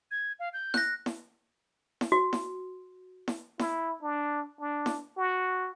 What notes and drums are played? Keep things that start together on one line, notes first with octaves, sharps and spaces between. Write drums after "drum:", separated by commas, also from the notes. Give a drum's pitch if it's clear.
G#6
F5
G6
F#6 A#6, drum: snare E4
drum: snare E4
drum: snare E4
F#4
drum: snare E4
drum: snare E4
E4, drum: snare E4
D4
D4
drum: snare E4
F#4